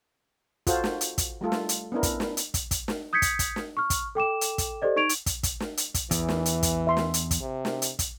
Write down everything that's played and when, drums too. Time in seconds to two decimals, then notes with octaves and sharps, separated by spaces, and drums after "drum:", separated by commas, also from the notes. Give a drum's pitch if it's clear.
0.67 F4 F#4 A4 C5, drum: kick, hi-hat
0.84 drum: snare
1.01 drum: hi-hat
1.18 drum: kick, hi-hat
1.41 G3 A3 F4 A4
1.52 drum: snare
1.69 drum: hi-hat
1.92 B3 C#4 D4 E4 A#4
2.03 drum: kick, hi-hat
2.20 drum: snare
2.37 drum: hi-hat
2.54 drum: kick, hi-hat
2.71 drum: kick, hi-hat
2.88 drum: snare
3.13 D#6 G6 G#6 B6 C#7
3.22 drum: kick, hi-hat
3.39 drum: kick, hi-hat
3.56 drum: snare
3.77 C#6 F6
3.90 drum: kick, hi-hat
4.15 A4 G5 D6 E7
4.41 drum: hi-hat
4.58 drum: kick, hi-hat
4.82 G4 A4 C5 D5 D#5
4.96 D#4 C#6 G#6 D7 F7
5.09 drum: hi-hat
5.26 drum: kick, hi-hat
5.43 drum: kick, hi-hat
5.60 drum: snare
5.77 drum: hi-hat
5.94 drum: kick, hi-hat
6.11 E2 E3, drum: kick, hi-hat
6.29 drum: snare
6.46 drum: hi-hat
6.63 drum: kick, hi-hat
6.87 E5 C6
6.97 drum: snare
7.14 drum: hi-hat
7.31 drum: kick, hi-hat
7.41 C3
7.65 drum: snare
7.82 drum: hi-hat
7.99 drum: kick, hi-hat